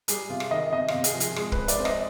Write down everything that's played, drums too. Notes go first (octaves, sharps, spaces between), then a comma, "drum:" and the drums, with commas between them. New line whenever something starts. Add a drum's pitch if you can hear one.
G3 G#4, drum: hi-hat
C3 F4
drum: rim click
D#3 D#5
C3 D#5
F5, drum: rim click
C3
G#4, drum: hi-hat
F3
G#4, drum: hi-hat
G#3 G#4, drum: rim click
B4, drum: kick
C4
D5, drum: hi-hat
C4
D#5, drum: rim click